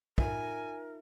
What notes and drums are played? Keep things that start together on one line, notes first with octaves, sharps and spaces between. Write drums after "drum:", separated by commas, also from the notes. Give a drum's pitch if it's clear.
D#4 F4 A#4 E5 G#5, drum: kick